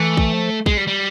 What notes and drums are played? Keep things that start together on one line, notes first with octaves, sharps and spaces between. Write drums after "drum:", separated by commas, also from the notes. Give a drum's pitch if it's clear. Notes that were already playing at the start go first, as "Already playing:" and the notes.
Already playing: E3 A3
drum: kick
F3
G#3, drum: kick
G3
G3